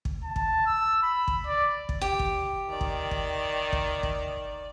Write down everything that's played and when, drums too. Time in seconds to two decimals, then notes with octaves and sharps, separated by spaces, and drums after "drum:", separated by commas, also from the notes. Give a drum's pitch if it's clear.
0.05 drum: kick
0.24 A5
0.36 drum: kick
0.66 E6
1.03 B5
1.28 drum: kick
1.46 D5
1.89 drum: kick
2.01 F#1 G4
2.19 drum: kick
2.69 D#3 D5
2.81 drum: kick
3.11 drum: kick
3.73 drum: kick
4.03 drum: kick